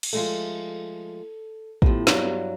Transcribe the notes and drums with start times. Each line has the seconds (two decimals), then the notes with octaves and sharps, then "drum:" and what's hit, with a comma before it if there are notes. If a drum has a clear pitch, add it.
0.03 drum: cymbal
0.13 F3 G#3 A3 A4
1.82 A2 F3 B3 G4, drum: kick
2.07 G2 F#3, drum: snare